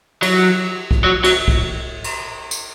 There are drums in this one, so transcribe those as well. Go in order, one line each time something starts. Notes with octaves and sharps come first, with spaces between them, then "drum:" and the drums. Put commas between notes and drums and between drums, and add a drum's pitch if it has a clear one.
F#3, drum: cymbal
drum: kick
F#3
F#3, drum: cymbal
drum: kick
drum: cymbal
drum: tambourine